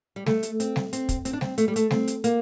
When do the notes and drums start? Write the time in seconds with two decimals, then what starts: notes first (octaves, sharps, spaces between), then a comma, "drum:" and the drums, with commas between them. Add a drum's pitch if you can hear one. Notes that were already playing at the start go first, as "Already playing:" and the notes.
0.16 G3
0.26 A3, drum: snare
0.43 drum: hi-hat
0.60 C4, drum: hi-hat
0.76 drum: snare
0.93 C4, drum: hi-hat
1.09 drum: kick, hi-hat
1.25 C4, drum: hi-hat
1.33 D4
1.41 C4, drum: snare
1.58 A3, drum: hi-hat
1.68 G3
1.76 A3, drum: hi-hat
1.90 C4, drum: snare
2.08 drum: hi-hat
2.24 A#3, drum: hi-hat